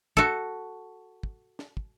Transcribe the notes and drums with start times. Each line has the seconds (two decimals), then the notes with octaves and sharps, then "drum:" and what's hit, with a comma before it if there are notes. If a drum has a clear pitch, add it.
0.17 F#4 A4, drum: kick
1.23 drum: kick
1.59 drum: snare
1.77 drum: kick